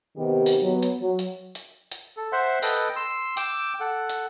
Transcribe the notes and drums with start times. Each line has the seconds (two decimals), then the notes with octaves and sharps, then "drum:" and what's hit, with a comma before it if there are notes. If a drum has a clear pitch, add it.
0.18 C3 D#3 B3 G4
0.46 drum: open hi-hat
0.63 F#3 B3
0.83 drum: hi-hat
1.00 F#3
1.19 drum: hi-hat
1.55 drum: hi-hat
1.92 drum: hi-hat
2.17 A4
2.32 C5 E5 F#5 C6
2.63 A4 B4 D#5 G5, drum: open hi-hat
2.96 C6 E6
3.37 G5 D6 E6, drum: hi-hat
3.80 A4 F#5
4.10 drum: hi-hat